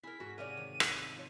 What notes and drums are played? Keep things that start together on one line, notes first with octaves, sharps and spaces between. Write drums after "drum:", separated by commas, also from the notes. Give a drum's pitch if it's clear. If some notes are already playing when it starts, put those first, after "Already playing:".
E4 G#4 A#4 B6
G#2 F#4
C3 F4 A#4 C#5 D5 F#5 D#7
D#3
drum: rim click
F3 C#5